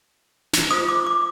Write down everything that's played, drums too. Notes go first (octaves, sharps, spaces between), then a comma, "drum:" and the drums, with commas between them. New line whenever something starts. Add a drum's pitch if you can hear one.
drum: snare
F4 C5 D#6
D6
D6